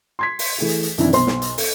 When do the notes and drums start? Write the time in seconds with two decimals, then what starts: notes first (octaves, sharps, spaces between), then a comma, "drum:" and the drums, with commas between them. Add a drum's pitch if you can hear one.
0.19 C6 G#6 B6
0.39 drum: open hi-hat
0.58 E3 A3 G#4
0.68 drum: hi-hat
0.83 drum: hi-hat
0.98 F#2 C3 D#3 E3 D4 E4, drum: hi-hat
1.13 B1 C5 C6, drum: hi-hat
1.27 drum: snare
1.42 drum: hi-hat
1.58 A4, drum: open hi-hat